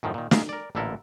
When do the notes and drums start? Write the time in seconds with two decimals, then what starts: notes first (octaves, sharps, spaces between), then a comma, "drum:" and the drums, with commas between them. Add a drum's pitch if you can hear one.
0.03 F#2 A2 D#3 F3
0.14 A#2 D#3
0.31 F4 G#4 A#4 E5, drum: snare
0.49 A#4 D5
0.75 A1 A#2 D3 E4 A4 A#4